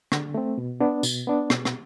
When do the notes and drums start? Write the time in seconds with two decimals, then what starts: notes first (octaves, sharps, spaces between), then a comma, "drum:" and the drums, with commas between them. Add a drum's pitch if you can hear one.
0.12 D3, drum: rim click
0.34 A3 C4
0.58 B2
0.80 B3 D4
1.03 B2, drum: tambourine
1.27 B3 D4
1.50 B2, drum: rim click
1.65 drum: rim click